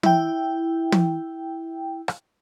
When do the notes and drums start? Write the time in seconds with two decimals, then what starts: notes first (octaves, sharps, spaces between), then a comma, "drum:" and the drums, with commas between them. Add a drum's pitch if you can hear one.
0.03 E4 G5, drum: tom
0.92 drum: tom
2.08 drum: rim click